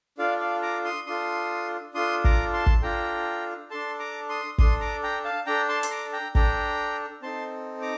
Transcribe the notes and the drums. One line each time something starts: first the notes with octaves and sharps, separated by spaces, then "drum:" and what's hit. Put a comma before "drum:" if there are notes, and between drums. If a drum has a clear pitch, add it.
D4 F4 A4 D5 F5
D5 F5
A#5 D6
C6 D#6
D4 F4 A4 C6 D#6
D4 F4 A4 C6 D#6
A#5 D6, drum: kick
A5 C6
drum: kick
D4 F4 A4 G5 A#5
D4 A4 A5 C6
A#5 D6
C6 D#6
D4 A4 C6 D#6, drum: kick
A#5 D6
G5 A#5
F5 A5
D4 A4 G5 A#5
A5 C6
C6, drum: hi-hat
A#5 D6
G5 A#5
D4 A4 G5 A#5, drum: kick
C4 D#4 A4 A5 C6
A#5 D6